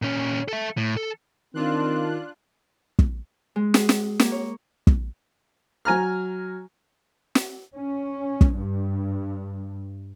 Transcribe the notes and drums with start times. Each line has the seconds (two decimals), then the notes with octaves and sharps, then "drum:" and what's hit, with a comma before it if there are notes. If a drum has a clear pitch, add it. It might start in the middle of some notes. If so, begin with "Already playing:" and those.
0.02 A#2 C#4
0.48 A4 E5
0.78 A2
0.97 A4
1.54 D#3 C4 D4 F4 F#6
2.99 drum: kick
3.56 G#3
3.74 G#4, drum: snare
3.89 drum: snare
4.19 A#3, drum: snare
4.32 C#5
4.87 drum: kick
5.85 F#3 G#5 A#5 F6
7.35 drum: snare
7.76 C#4
8.41 drum: kick
8.54 G2